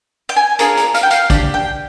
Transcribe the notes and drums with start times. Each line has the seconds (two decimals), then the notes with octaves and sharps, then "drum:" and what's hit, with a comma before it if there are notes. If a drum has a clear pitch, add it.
0.29 G5
0.36 G#5
0.59 D4 F4 G#4 A#4, drum: hi-hat
0.77 drum: hi-hat
0.94 F5, drum: hi-hat
1.03 G5
1.11 F5, drum: hi-hat
1.30 D4 G4, drum: kick, hi-hat
1.54 G5